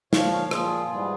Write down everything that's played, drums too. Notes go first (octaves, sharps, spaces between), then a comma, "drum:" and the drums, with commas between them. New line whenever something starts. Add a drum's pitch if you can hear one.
A#2 F3 C#5 F5, drum: snare
C#5 F5
A#2 F3 F4 G#4, drum: rim click
G#2 E3 G3